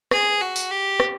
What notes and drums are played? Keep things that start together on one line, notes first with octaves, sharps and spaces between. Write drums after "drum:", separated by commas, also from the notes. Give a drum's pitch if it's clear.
G#4, drum: rim click
F#4
drum: tambourine
G4
drum: rim click